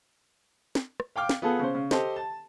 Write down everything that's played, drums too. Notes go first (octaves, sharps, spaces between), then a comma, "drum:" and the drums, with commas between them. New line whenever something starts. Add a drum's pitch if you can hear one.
drum: snare
drum: rim click
F5 G5 D6 F6
drum: snare
B3 F4 G#4 A4
C#3 C5
C#3
G4 A4 C5 D#5, drum: snare
A5